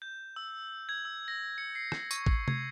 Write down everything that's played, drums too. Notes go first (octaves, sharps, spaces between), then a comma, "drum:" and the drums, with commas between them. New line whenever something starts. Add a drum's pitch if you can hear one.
G6
E6
G#6
E6
A#6
C#7
C7
drum: rim click
C#6, drum: tambourine
drum: kick
G#6, drum: tom C3